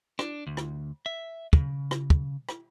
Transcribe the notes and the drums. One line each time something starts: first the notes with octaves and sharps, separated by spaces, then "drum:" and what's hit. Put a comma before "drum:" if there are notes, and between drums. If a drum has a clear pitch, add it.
D4, drum: rim click
D2
drum: rim click
E5
C#3, drum: kick
drum: rim click
drum: kick
drum: rim click